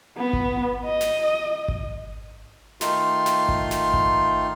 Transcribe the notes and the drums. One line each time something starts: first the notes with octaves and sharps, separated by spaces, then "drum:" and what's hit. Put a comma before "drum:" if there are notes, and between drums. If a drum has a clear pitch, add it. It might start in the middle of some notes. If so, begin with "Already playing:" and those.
B3
drum: kick G#1
D#5
drum: snare
drum: kick G#1
D#3 A3 D#4 F4 C6, drum: snare
drum: snare
drum: kick G#1
drum: snare
drum: kick G#1